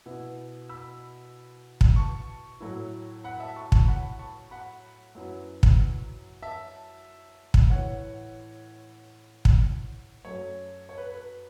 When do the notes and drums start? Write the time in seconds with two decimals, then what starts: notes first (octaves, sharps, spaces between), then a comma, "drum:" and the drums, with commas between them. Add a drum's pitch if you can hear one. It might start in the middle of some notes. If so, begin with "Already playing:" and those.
0.06 B2 B3 E4
0.69 B5 E6
1.81 drum: kick
1.96 A5 C#6
2.60 A2 F#3 A3 E4
3.24 F#5 B5
3.40 E5 A5
3.56 A5 C#6
3.72 A5 C#6, drum: kick
3.88 F#5 B5
4.19 A5 C#6
4.51 F#5 B5
5.15 F#2 F#3 B3 E4
5.63 drum: kick
6.42 E5 A5
7.54 drum: kick
7.70 A2 E3 B3 E4 C#5 F#5
9.45 drum: kick
10.25 F#2 F#3 A3 C#5
10.89 C#5
10.98 B4
11.15 B4